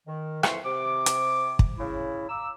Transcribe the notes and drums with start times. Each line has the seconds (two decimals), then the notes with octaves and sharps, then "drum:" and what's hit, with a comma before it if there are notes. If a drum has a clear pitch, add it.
0.08 D#3
0.43 F2 E3 E5 C6 C#6, drum: rim click
0.65 C3 D6
1.06 drum: hi-hat
1.59 drum: kick
1.79 C#3 E4
2.28 F5 A#5 D6 E6